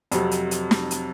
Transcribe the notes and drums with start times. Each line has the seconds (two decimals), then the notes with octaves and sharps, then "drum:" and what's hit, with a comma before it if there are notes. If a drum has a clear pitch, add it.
0.12 F2 C3 F#3, drum: hi-hat
0.31 drum: hi-hat
0.51 drum: hi-hat
0.71 drum: snare
0.91 drum: hi-hat